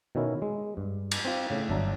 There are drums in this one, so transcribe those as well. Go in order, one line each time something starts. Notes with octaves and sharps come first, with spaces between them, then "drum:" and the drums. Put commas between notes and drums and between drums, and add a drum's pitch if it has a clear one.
B2 D#3 C#4 E4 A#4
G#3
G2
drum: cymbal
C4 F4
A2 C#3
G1 F#3 D4 E5 A5 A#5